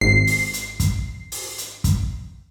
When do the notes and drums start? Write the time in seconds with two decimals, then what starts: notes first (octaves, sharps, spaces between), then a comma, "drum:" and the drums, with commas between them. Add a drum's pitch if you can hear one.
0.01 G#1 C7
0.27 drum: open hi-hat
0.53 drum: hi-hat
0.80 drum: kick, hi-hat
1.32 drum: open hi-hat
1.58 drum: hi-hat
1.84 drum: kick, hi-hat